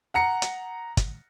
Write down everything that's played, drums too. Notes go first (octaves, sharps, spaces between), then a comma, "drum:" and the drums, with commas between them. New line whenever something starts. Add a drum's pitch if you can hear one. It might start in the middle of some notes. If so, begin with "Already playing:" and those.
F#5 A#5 C#7
drum: hi-hat
drum: kick, hi-hat